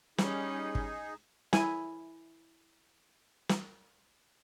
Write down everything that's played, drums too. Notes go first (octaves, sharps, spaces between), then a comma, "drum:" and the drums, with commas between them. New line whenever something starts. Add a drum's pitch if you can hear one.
G3 C#4 D#4 G#4, drum: snare
drum: kick G#1
E4 G#5, drum: snare
drum: snare